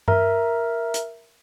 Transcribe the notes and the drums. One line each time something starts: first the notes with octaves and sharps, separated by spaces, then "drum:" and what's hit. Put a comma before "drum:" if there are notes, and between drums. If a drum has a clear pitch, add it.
A#4 E5 A#5, drum: tom G2
drum: hi-hat